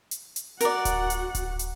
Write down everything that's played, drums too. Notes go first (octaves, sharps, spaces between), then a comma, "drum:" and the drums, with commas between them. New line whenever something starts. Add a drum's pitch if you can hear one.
drum: hi-hat
drum: hi-hat
F#4 A#4 D5 F#5, drum: hi-hat
drum: kick D1, hi-hat
drum: hi-hat
drum: kick D1, hi-hat
drum: hi-hat